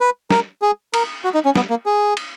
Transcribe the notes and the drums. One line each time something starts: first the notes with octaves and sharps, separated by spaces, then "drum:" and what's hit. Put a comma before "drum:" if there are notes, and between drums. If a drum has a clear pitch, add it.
B4
A#4, drum: snare
G#4
A#4, drum: cymbal
F#4
D#4
C#4
B3, drum: snare
A#3
G#4
drum: cymbal